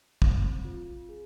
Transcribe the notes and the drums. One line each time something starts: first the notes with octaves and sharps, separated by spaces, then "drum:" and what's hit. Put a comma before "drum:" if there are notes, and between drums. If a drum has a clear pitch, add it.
C4, drum: kick
F4
G#4